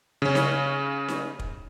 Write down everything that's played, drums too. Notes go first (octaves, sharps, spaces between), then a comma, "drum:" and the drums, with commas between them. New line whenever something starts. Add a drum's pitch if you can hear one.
C#3 C#4
drum: snare D#4
drum: snare D#4
drum: kick